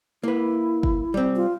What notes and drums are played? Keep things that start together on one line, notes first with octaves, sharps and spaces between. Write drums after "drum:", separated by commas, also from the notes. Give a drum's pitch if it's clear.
A#3 E4 B4
drum: kick
G3 C4
F4